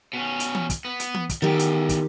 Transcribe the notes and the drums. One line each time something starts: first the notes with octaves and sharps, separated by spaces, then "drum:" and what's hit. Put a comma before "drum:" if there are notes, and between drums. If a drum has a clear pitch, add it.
B2 C#4
drum: hi-hat
drum: tom E3
drum: kick, hi-hat
B3
drum: hi-hat
drum: tom E3
drum: kick, hi-hat
E2 A2 D#3 G4
drum: hi-hat
drum: kick, hi-hat